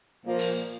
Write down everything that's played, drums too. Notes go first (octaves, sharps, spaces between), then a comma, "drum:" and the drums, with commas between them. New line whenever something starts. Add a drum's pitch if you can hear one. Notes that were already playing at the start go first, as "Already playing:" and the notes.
A#2 F3 A#3
drum: open hi-hat